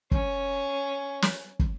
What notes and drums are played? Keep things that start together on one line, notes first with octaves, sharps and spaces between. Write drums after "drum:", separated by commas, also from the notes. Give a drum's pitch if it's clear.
C#4, drum: kick
drum: snare
drum: kick